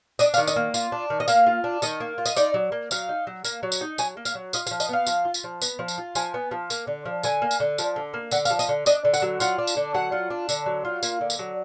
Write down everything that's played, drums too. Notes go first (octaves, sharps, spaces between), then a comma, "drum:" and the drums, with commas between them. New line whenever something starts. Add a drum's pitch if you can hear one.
D4 D#5, drum: tambourine
F5, drum: tambourine
D#3
D#5, drum: tambourine
A#3
F4, drum: tambourine
D4
D#3
D#5
A#3 F5, drum: tambourine
F4
D4
D#3 D#5, drum: tambourine
A#3
F4
D#5, drum: tambourine
D#4 D5, drum: tambourine
F#3
A#3
F#3 F5, drum: tambourine
D#4
F#3
A#3, drum: tambourine
F#3
drum: tambourine
D#4
F#3 G#5, drum: tambourine
A#3
F5, drum: tambourine
F#3
F4 D#5, drum: tambourine
F5, drum: tambourine
F3
D#5, drum: tambourine
B3 F5
F3, drum: tambourine
F4
drum: tambourine
F3
B3, drum: tambourine
F3
drum: tambourine
F4
F3 G#5, drum: tambourine
B3
F3
A#3, drum: tambourine
D3
F3
D3 G#5, drum: tambourine
A#3
drum: tambourine
D3
F3, drum: tambourine
D3
A#3
D3 F#5, drum: tambourine
F5, drum: tambourine
F3
D#5, drum: tambourine
D3
D4 D#5, drum: tambourine
D3
F#5, drum: tambourine
F#3
F4 F#5, drum: tambourine
D4
drum: tambourine
D3
F#3 F#5
F4
D4
D3, drum: tambourine
F#3
F4
A#3, drum: tambourine
D3
drum: tambourine
F#3